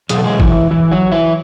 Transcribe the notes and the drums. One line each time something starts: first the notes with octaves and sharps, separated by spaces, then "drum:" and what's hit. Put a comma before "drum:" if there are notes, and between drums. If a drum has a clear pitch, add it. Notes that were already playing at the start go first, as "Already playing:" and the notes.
E2 B2 F#3 G#4, drum: hi-hat
A4
G#3 G#4
E3 E4, drum: kick
E3 E4
F#3 F#4
E3 E4